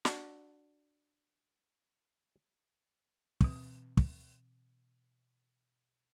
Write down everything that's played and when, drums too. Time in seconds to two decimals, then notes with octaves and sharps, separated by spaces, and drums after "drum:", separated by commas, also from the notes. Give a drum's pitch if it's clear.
0.05 D4 F#4, drum: snare
3.41 B2 E3 C4, drum: kick
3.97 drum: kick